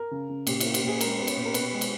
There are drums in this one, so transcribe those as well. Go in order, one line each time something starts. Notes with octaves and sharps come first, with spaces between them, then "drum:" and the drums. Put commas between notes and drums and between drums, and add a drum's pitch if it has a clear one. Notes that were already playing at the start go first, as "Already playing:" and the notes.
Already playing: A#4
C#3
C#3
A#2 G4, drum: cymbal
A#3 E4, drum: cymbal
G4, drum: cymbal
A#2 G#4
G#3 A#4, drum: cymbal
B3 B4
C#5, drum: cymbal
A#2
A#4
B2 B4, drum: cymbal
G#3
drum: cymbal